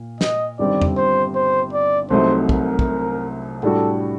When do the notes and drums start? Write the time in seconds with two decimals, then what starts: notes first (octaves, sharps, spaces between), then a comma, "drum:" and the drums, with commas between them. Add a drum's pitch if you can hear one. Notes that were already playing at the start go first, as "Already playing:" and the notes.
Already playing: A#2
0.21 D#5, drum: snare
0.59 G1 G2 D#3 G3 C4 D5
0.82 drum: tom E2
0.97 C5
1.35 C5
1.73 D5
2.10 C2 C3 F#3 A3 D#4 C5
2.49 A#4, drum: kick
2.79 drum: kick
3.63 A2 G3 D4 F#4 A4